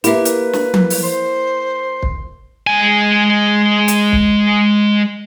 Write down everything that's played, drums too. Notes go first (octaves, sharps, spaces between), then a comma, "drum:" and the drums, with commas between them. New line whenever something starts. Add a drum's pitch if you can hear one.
A#3 E4 G4 B4 E5, drum: hi-hat
drum: hi-hat
drum: snare
drum: tom F3
drum: open hi-hat
C5 C6
drum: kick
G#3 G#5
drum: hi-hat
drum: kick